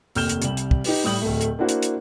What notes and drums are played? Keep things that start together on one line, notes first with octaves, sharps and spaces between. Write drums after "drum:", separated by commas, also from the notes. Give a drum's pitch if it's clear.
F1 D#2 F6 G6 E7 G7, drum: open hi-hat
drum: hi-hat
C2 G3 F#7, drum: hi-hat
drum: hi-hat
drum: kick
D#4 G4 B4, drum: open hi-hat
A2 G3 D#6 G6 F#7
D1 A3
drum: hi-hat
A#3 D4 E4 F#4 C5
drum: hi-hat
drum: hi-hat